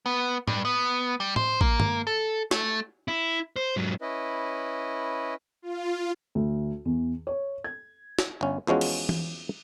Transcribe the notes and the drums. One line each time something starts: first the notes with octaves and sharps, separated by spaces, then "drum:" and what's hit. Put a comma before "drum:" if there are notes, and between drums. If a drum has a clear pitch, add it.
B3
G2, drum: tom A2
B3
G3
C5, drum: tom A2
A#3, drum: kick A1
drum: tom G2
A4
A3, drum: snare
E4
C5
G#2 F#3
C#4 E4 B4 D#5
F4
D2
E2
C#5
G#6
drum: snare
G1 C#4
E2 F3 G#3 C#4 F#4
drum: cymbal
drum: tom